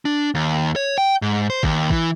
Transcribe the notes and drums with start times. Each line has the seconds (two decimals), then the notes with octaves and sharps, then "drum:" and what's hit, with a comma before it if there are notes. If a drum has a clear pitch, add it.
0.05 D4
0.35 D#2
0.76 C#5
0.98 G5
1.22 G#2
1.50 C5
1.63 D#2, drum: kick
1.90 E3, drum: kick